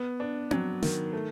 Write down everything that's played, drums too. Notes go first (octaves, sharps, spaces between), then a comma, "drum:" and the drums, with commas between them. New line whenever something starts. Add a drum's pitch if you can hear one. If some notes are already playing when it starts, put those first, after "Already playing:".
Already playing: B3
D4
F#3, drum: tom C4
D#3, drum: snare
A3